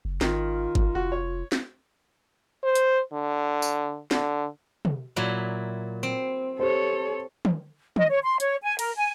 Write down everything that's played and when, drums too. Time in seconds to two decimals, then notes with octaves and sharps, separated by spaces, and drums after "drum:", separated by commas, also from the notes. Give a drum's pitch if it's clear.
0.05 F#1
0.21 G#1 D#3 F4, drum: snare
0.75 drum: kick
0.95 F1 F#4
1.12 C#5
1.52 drum: snare
2.63 C5
2.75 drum: hi-hat
3.13 D3
3.62 drum: tambourine
4.11 D3, drum: snare
4.85 drum: tom
5.16 A#2 F#3 E4
6.03 C4
6.59 G4 A4 C5 C#5
7.45 drum: tom
7.96 D#5, drum: tom
8.10 C#5
8.23 C6
8.40 C#5, drum: hi-hat
8.63 G#5
8.79 A#4, drum: cymbal
8.95 G#5